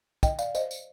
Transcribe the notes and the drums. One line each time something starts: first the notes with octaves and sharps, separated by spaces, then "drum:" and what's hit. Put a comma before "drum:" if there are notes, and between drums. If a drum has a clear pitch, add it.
D#5 G5, drum: kick, tambourine
D5 F5, drum: tambourine
C5 D#5, drum: tambourine
drum: tambourine